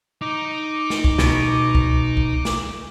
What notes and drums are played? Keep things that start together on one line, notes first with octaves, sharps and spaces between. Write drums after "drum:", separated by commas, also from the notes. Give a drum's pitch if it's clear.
D#4 D6
drum: snare
drum: kick B1
B2, drum: snare
drum: kick B1
drum: kick B1
drum: snare